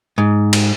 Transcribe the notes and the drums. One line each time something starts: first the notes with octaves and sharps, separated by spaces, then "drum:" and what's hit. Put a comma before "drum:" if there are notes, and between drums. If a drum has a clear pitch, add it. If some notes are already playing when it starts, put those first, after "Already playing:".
G#2
drum: cymbal